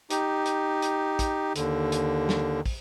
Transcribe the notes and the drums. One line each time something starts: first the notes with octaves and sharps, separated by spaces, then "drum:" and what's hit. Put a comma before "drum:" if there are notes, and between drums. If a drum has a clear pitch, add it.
D#4 G4, drum: hi-hat
drum: hi-hat
drum: hi-hat
drum: kick, hi-hat
D#2 D3, drum: hi-hat
drum: hi-hat
drum: snare
drum: kick, open hi-hat